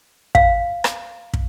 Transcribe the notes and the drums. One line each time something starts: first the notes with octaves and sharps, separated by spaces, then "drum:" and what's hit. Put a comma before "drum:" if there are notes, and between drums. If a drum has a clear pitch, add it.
F5, drum: kick
drum: rim click
drum: kick